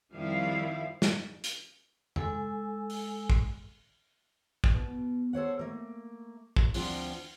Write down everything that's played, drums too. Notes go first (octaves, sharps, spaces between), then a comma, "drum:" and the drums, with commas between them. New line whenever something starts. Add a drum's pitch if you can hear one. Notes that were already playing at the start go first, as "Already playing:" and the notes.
F2 D#3 F3 G3 E4 F5
drum: snare
drum: hi-hat
G#3 A4 G#5 E6, drum: tom E2
drum: open hi-hat
drum: kick
drum: kick
B2
A4 C5 C#5 F#5
A3 A#3
drum: kick
D2 F3 C4 D4 F#5, drum: open hi-hat